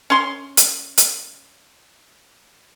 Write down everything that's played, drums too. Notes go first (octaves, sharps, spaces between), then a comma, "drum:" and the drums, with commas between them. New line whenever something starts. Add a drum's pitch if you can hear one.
C#4 C6
drum: hi-hat
drum: hi-hat